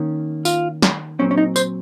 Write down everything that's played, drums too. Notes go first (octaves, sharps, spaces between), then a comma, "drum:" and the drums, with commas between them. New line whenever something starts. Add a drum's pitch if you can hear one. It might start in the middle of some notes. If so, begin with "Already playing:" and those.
Already playing: D#3 A#3 C#4
F4, drum: tambourine
drum: snare
A#2 F#3 C4 C#4
C#4
D#4
C5, drum: tambourine